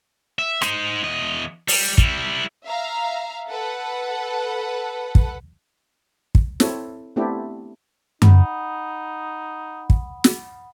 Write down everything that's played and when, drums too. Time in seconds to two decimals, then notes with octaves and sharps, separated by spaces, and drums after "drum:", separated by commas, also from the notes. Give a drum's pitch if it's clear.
0.39 E5
0.62 D#4 C5, drum: rim click
1.03 E2 D#5
1.68 G3, drum: open hi-hat
1.98 G3 E4, drum: kick
2.65 E5 F5 A#5
3.49 A4 B4 F#5
5.15 drum: kick
6.35 drum: kick
6.60 C4 E4 A4 C#5, drum: snare
7.16 A3 B3 C4 D4 E4 G4
8.22 D#4 F#5 B5 D#6, drum: tom F#2
9.90 drum: kick
10.24 drum: snare